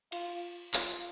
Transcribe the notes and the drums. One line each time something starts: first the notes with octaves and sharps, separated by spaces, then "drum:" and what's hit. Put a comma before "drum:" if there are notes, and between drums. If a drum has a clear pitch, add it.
F4, drum: cymbal
F4, drum: clap